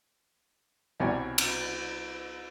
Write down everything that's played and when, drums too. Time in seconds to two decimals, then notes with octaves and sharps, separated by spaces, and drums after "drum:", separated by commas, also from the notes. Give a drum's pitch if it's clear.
1.00 C2 B2 G4 C#5 D5 G#5
1.38 drum: cymbal